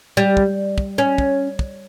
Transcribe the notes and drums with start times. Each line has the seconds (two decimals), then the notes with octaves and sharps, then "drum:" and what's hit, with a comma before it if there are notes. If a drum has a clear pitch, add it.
0.17 G3
0.37 drum: kick
0.78 drum: kick
0.98 C#4
1.18 drum: kick
1.59 drum: kick